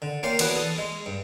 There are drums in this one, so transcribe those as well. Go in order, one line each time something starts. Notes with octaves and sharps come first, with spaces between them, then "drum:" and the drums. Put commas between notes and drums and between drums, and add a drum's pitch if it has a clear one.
D3
A#3 C#4 G4 F5 C6
E3 B3 D4 F#4 B4, drum: cymbal
A4 D#6
G#3
G2